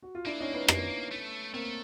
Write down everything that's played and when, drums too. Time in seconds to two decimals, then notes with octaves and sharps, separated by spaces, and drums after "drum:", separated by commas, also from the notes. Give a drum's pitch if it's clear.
0.03 F#4
0.15 F4
0.26 A#3 D4 E4
0.40 C#4 D#4
0.54 B3 C#4
0.68 A#3, drum: rim click
1.12 A3
1.53 A3 A#3 C4